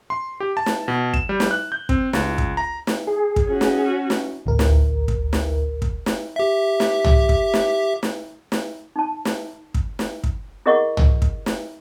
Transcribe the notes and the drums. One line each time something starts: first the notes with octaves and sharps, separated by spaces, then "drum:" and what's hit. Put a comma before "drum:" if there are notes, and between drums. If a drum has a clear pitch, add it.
C6
G4
A5
drum: snare
B2
E7, drum: kick
G3
drum: snare
F#6
G6
C4, drum: kick
C#2, drum: snare
drum: kick
A#5
drum: snare
G#4
drum: kick
C#4 F#4
drum: snare
drum: snare
A1 D2 A#4
drum: snare
drum: kick
drum: snare
drum: kick
drum: snare
G4 E5
drum: snare
drum: tom
drum: kick
drum: snare
drum: snare
drum: snare
D#4 A5
drum: snare
drum: kick
drum: snare
drum: kick
E4 G#4 A#4 D#5 F#5 C#6
drum: tom
drum: kick
drum: snare